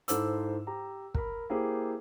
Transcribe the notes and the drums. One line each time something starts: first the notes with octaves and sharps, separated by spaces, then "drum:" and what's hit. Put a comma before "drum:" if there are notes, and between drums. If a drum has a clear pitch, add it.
G#2 E4 A4 C5 D6 E6, drum: hi-hat
G4 A#5
A#4 B5, drum: kick
A#3 E4 G4 G#4 C5